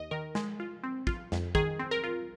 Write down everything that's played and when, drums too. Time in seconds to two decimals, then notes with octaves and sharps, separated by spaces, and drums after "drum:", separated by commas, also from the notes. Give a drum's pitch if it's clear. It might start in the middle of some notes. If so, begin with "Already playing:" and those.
Already playing: D#2 D#5
0.11 D#3 A#4
0.35 G#3, drum: snare
0.60 F4
0.83 C4
1.07 F4, drum: kick
1.32 F2, drum: snare
1.55 D#3 G#4, drum: kick
1.79 C4
1.91 A#4
2.04 F4